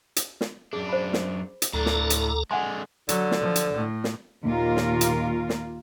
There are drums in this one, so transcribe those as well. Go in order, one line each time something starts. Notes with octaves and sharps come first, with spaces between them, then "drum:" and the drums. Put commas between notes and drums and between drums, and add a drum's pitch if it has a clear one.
drum: hi-hat
drum: snare
F#2 D4 G#4
C5 B5
drum: snare
drum: hi-hat
D2 A2 D4 A4 A#5
drum: snare
drum: hi-hat
D3 G#3 F#5 G#5 C6
D3 F#3, drum: hi-hat
drum: snare
F3
drum: hi-hat
A2
drum: snare
D#2 A#2 A#3 F4 A#4
drum: snare
drum: hi-hat
drum: snare